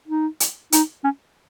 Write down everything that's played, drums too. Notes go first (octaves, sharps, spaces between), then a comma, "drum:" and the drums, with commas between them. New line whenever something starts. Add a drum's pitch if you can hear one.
D#4
drum: hi-hat
D#4, drum: hi-hat
C#4